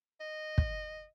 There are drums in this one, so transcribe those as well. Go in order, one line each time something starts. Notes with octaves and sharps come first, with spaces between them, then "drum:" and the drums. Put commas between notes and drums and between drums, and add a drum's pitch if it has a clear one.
D#5
drum: kick